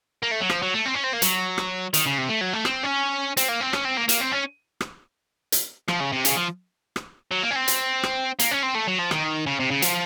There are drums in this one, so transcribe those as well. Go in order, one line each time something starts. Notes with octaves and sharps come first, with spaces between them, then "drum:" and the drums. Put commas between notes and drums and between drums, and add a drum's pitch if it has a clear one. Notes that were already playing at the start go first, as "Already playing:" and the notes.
A#3
A3
F#3
F3, drum: rim click
F#3
A3
C4
C#4
C4
A#3
F#3, drum: hi-hat
drum: rim click
D#3, drum: hi-hat
C#3
C3
A3
F#3
A3
C4, drum: rim click
C#4
C4, drum: hi-hat
A#3
C4
C#4, drum: rim click
C4
A#3
A#3, drum: hi-hat
C4
C#4
drum: rim click
drum: hi-hat
F3, drum: rim click
C#3
C3
C#3, drum: hi-hat
F3
drum: rim click
F#3
A#3
C#4
C4
drum: hi-hat
drum: rim click
A#3, drum: hi-hat
C#4
C4
A3
F#3
F3
D#3, drum: rim click
C#3
C3
C#3
F3, drum: hi-hat